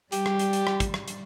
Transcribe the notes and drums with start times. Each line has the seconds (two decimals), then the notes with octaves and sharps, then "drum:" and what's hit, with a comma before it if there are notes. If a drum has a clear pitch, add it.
0.12 G3 G4, drum: hi-hat
0.26 drum: rim click
0.39 drum: hi-hat
0.53 drum: hi-hat
0.67 drum: rim click
0.80 drum: kick, hi-hat
0.94 drum: rim click
1.08 drum: hi-hat